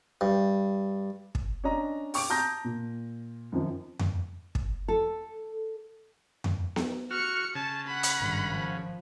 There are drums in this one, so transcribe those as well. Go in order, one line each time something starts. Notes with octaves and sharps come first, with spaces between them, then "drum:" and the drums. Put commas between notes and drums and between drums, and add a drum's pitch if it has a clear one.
G2
drum: kick
C#4 D4 D#5 A#5
G5 C#6 D6 D7, drum: open hi-hat
A5 A#5 D#6 G6 A#6
A#2
F#2 D#3 F3
drum: tom F2
drum: kick
A4
drum: tom F2
drum: snare B3
F#4 F6 C#7
C#3 A5
F#5 B5
drum: hi-hat
G#1 G2
F3